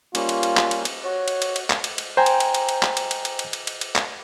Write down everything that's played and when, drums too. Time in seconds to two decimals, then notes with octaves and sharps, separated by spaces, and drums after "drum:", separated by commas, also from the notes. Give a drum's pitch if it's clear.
0.15 G3 A#3 C#4 F4, drum: cymbal
0.29 drum: cymbal
0.43 drum: cymbal
0.57 drum: clap
0.71 drum: cymbal
0.85 drum: cymbal
1.05 F#4 C#5
1.28 drum: cymbal
1.42 drum: cymbal
1.56 drum: cymbal
1.70 drum: clap
1.84 drum: cymbal
1.98 drum: cymbal
2.17 C5 G5 G#5 A#5
2.26 drum: cymbal
2.40 drum: cymbal
2.55 drum: cymbal
2.69 drum: cymbal
2.83 drum: clap
2.97 drum: cymbal
3.11 drum: cymbal
3.25 drum: cymbal
3.39 drum: cymbal
3.53 drum: cymbal
3.67 drum: cymbal
3.81 drum: cymbal
3.95 drum: clap